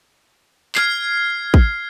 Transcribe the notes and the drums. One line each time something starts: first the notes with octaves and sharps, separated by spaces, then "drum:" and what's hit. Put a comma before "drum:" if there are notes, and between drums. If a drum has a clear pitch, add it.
F6 G#6 C7, drum: clap
drum: kick